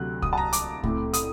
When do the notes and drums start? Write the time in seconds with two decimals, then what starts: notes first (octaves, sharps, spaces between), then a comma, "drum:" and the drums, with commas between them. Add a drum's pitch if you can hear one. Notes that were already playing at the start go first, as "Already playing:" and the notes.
Already playing: D2 C3 F#3 A3 C4 F#6
0.22 D#6, drum: kick C2
0.33 A5
0.38 A#5
0.53 D6, drum: hi-hat
0.83 A2 A3 C4, drum: kick C2
1.13 D#6, drum: hi-hat